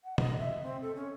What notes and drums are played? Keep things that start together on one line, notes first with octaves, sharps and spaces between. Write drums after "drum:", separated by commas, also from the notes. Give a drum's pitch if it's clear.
F#5
D#5, drum: tom
E5
C4
A4
C#4